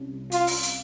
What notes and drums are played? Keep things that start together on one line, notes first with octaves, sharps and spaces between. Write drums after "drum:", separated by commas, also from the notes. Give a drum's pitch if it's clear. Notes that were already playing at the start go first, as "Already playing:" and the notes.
Already playing: C2 C3 C#4
F4, drum: hi-hat
drum: open hi-hat
drum: hi-hat